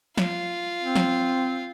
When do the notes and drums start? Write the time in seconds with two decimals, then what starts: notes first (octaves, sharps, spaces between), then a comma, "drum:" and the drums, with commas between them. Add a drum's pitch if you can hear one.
0.18 F4, drum: snare
0.82 C4
0.96 drum: snare